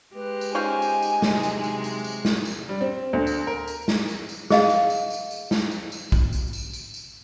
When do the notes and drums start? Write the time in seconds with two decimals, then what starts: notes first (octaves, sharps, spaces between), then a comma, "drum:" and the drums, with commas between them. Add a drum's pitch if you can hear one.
0.15 G#3 G4 B4
0.41 drum: tambourine
0.55 C#4 D#4 F4 C5 G#5
0.82 drum: tambourine
1.02 drum: tambourine
1.22 C3 F#3 G#3, drum: snare
1.43 drum: tambourine
1.64 drum: tambourine
1.84 drum: tambourine
2.04 drum: tambourine
2.25 drum: snare
2.45 drum: tambourine
2.69 G3
2.81 C4
3.13 D2
3.27 drum: tambourine
3.47 A#4
3.68 drum: tambourine
3.88 drum: snare
4.08 drum: tambourine
4.29 drum: tambourine
4.50 G#4 D#5 F5, drum: snare
4.69 drum: tambourine
4.90 drum: tambourine
5.10 drum: tambourine
5.31 drum: tambourine
5.51 drum: snare
5.71 drum: tambourine
5.92 drum: tambourine
6.12 drum: kick, tambourine
6.33 drum: tambourine
6.53 drum: tambourine
6.73 drum: tambourine
6.94 drum: tambourine